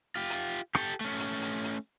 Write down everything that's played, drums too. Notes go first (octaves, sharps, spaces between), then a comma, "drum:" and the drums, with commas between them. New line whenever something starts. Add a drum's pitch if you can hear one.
F4 G4
drum: hi-hat
G4 A4, drum: rim click
A3 C#4
drum: hi-hat
drum: hi-hat
drum: hi-hat